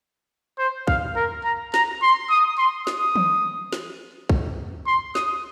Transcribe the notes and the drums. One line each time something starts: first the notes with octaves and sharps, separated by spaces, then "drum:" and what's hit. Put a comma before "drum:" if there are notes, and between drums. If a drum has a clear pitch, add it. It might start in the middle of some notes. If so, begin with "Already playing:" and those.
C5
F5, drum: kick
A#4
A#5
A#5, drum: snare
C6
D#6
C6
D#6, drum: snare
drum: tom
drum: snare
drum: kick
C6
D#6, drum: snare